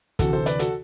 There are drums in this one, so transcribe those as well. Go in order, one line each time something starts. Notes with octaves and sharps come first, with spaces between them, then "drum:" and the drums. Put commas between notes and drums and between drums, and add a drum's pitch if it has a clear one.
D2 C3 E3 F#4 A4, drum: kick, hi-hat
A4 C5
B4 D5, drum: hi-hat
F#4 A4, drum: hi-hat